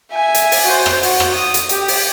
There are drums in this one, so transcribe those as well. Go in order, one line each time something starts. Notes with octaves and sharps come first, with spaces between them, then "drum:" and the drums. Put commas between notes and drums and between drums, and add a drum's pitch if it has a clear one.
E5 G#5
drum: hi-hat
drum: open hi-hat
F#4 C5
drum: rim click
F#4, drum: open hi-hat
drum: rim click
D#6
drum: hi-hat
G4, drum: hi-hat
drum: open hi-hat